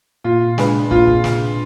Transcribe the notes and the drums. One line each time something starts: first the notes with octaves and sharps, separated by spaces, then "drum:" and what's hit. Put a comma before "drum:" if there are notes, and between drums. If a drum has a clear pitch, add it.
A#2 F4
G#3 D4 G#4 B4, drum: snare
A#2 F4, drum: kick
drum: kick
drum: snare